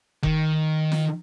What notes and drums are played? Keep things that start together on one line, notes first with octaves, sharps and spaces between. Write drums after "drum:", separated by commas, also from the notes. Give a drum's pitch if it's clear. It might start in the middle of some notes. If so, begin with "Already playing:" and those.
D#3, drum: kick F1
drum: snare